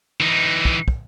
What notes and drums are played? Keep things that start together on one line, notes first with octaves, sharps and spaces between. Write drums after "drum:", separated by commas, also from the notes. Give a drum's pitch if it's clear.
E3 D#4
drum: kick
drum: kick